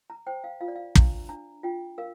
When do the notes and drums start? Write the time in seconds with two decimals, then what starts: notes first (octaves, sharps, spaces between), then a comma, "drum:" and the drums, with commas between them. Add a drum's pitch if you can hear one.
0.10 A#5
0.26 C5 G5
0.44 F5
0.61 F4 F5
0.68 D5
0.76 F5
0.95 D4 A#5, drum: kick
1.29 D4 A#5
1.63 F4 G5
1.98 A#4 F5